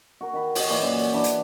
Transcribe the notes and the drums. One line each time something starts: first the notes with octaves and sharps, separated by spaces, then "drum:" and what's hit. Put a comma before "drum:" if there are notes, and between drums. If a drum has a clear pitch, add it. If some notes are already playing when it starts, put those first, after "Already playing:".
F#4 A#4
D#3 B5
C#5 D#5, drum: open hi-hat
A#2 E3 C#5 D5
F#2
E3 D4 B5
drum: hi-hat